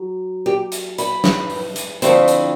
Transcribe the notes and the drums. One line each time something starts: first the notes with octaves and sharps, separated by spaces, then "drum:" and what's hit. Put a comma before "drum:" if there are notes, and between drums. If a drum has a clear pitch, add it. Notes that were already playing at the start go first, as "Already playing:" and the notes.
Already playing: F#3
G4
drum: hi-hat
B4, drum: hi-hat
drum: snare
drum: open hi-hat
drum: hi-hat
D3 F3 A3 C4 E4, drum: hi-hat
drum: hi-hat